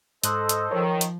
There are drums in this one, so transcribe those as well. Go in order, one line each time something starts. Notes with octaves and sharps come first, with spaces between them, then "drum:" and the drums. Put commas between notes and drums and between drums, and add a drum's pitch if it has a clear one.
G#2 A4 C5 D#5 F#6, drum: hi-hat
drum: hi-hat
D#3 F3 A#4 C#5
drum: hi-hat